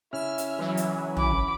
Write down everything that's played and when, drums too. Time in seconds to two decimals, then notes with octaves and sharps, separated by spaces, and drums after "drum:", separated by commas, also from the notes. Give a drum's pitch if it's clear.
0.13 C#3 C#4 E4 E5 F6
0.38 drum: hi-hat
0.59 E3 F#3
0.77 drum: hi-hat
1.17 B5 D6, drum: tom